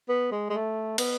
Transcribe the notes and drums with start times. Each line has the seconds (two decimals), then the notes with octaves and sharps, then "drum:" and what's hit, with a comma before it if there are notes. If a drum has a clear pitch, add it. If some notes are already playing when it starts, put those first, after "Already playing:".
0.09 B3
0.32 G#3
0.50 G#3
0.53 A3
0.98 B3, drum: cymbal